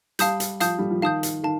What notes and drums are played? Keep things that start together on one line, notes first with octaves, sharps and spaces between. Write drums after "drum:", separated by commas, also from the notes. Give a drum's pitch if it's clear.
G3 F5 A5 D#6 G6, drum: hi-hat
drum: hi-hat
F3 F5 A5 D#6 G6, drum: hi-hat
G3
F3
D#3 F5 A5 D#6 G6
drum: hi-hat
D#3 F5 A5